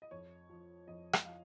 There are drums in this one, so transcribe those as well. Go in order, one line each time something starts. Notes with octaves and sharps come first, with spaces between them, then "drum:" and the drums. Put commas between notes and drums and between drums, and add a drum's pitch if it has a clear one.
D#5
F2 C#5
F3
F2 D#5
drum: rim click
F3 F5